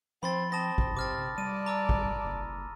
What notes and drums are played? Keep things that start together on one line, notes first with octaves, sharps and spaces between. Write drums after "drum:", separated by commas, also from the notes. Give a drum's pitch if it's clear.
F3 C4 B5 C6 A6
C4 A5 D#6 A#6
drum: kick
C3 C4 D6 F6 A6
G3 D5 A5 D#7
A#5 D6 E6
drum: kick
F#1